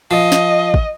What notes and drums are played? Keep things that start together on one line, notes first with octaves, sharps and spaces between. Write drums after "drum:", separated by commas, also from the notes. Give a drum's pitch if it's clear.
F3 D#5
drum: snare
drum: kick